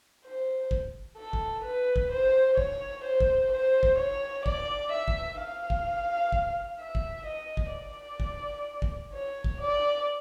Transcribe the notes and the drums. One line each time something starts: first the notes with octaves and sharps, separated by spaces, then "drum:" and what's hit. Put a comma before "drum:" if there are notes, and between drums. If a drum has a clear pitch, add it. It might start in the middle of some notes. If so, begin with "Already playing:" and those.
C5
drum: kick
A4
drum: kick
B4
drum: kick
C5
C#5, drum: kick
C5
drum: kick
C5
drum: kick
C#5
D5, drum: kick
E5
drum: kick
F5
drum: kick
drum: kick
E5
drum: kick
D#5
drum: kick
D5
drum: kick
drum: kick
C#5
drum: kick
D5